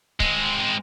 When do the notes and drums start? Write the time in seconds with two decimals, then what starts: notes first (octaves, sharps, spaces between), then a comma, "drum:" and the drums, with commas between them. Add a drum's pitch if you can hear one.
0.20 G#3 C4, drum: kick C#1